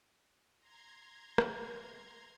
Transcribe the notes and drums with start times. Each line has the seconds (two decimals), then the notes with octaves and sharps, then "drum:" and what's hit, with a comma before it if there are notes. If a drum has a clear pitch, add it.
0.58 A#5 C6 G#6
1.38 drum: rim click